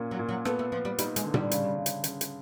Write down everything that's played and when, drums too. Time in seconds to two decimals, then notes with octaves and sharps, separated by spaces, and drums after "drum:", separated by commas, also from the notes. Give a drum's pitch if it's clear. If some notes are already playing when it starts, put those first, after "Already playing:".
Already playing: A#2 A#3 C#4
0.11 F#3
0.19 A#2
0.29 F#3
0.45 A3 B3, drum: rim click
0.59 A3
0.72 F3 B3
0.85 G3
0.98 G3 D#4, drum: hi-hat
1.16 G#3, drum: hi-hat
1.24 D3
1.34 G3, drum: tom
1.51 C#3, drum: hi-hat
1.76 C#3
1.86 drum: hi-hat
2.04 C#3, drum: hi-hat
2.21 drum: hi-hat